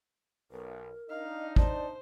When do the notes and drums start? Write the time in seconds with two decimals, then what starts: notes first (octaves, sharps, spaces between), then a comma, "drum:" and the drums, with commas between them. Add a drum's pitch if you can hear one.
0.51 B1 A#4
1.10 D4 D#4 D#5 F5
1.56 C5 D5 A5, drum: kick